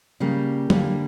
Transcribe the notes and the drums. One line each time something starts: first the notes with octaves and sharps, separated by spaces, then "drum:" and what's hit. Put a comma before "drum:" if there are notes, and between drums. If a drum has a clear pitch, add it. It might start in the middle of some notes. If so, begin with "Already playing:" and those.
C#3 G3 A#3 G4
D3 G3 A#3, drum: tom F#3